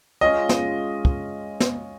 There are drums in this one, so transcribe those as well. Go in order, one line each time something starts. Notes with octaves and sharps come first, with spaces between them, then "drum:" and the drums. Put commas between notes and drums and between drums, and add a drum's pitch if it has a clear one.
G#3 C#4 F4 D#5
drum: snare
drum: kick
drum: snare